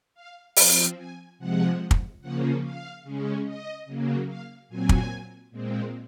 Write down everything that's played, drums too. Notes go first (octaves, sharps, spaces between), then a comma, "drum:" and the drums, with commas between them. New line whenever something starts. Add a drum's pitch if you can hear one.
F5
F3 C4 F5, drum: open hi-hat
G#5
C3 F3 G#3 F#5
drum: kick
C#3 F3 A#3 C#4 F#5
F5
C#3 G#3 C#4
D#5
C#3 F#3 A#3
F5
A#2 F#3 C4 G#5
drum: kick
A#2 G#3 C4